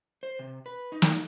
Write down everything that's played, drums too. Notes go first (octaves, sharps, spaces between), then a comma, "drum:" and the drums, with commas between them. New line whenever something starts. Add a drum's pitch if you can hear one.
C5
C3
B4
D#4
drum: snare